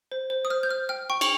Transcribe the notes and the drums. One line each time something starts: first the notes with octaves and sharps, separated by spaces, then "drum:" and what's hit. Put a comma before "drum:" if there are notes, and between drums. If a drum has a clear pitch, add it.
C5
C5
D#6
C5 F6
G6
C5 F6
G5 F6
G5 C#6
C#6, drum: cymbal